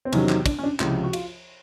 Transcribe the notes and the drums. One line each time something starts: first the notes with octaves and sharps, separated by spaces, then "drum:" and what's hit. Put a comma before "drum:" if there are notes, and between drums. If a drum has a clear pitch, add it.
C4
E2 C3 D#3 F#3 C#4, drum: cymbal
drum: clap
D4, drum: kick, cymbal
C#4
D4
C#2 C3 F3 E4, drum: clap
F#4
F4, drum: cymbal